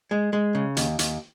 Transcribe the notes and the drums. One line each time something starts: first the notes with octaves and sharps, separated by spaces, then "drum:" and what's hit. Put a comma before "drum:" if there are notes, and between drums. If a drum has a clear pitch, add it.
G#3
G#3
C#3
D#2, drum: hi-hat
D#2, drum: hi-hat